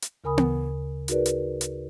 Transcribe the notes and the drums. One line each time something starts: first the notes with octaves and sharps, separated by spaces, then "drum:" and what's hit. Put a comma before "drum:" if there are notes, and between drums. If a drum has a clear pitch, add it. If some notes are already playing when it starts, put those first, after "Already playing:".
drum: hi-hat
D2 C#3 A#4 G#5 B5 D#6
drum: tom B3
D#4 F#4 G#4 A#4 B4 D5, drum: hi-hat
drum: hi-hat
drum: hi-hat